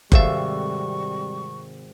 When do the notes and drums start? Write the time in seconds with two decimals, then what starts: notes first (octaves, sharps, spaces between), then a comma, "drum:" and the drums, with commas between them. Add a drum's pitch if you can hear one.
0.12 G#1 C3 G3 A4 E5 F5 C#6, drum: kick F#1